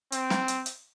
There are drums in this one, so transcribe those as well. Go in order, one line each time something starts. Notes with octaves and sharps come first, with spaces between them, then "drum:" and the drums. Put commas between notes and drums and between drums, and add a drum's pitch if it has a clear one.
C4, drum: hi-hat
drum: snare
drum: hi-hat
drum: hi-hat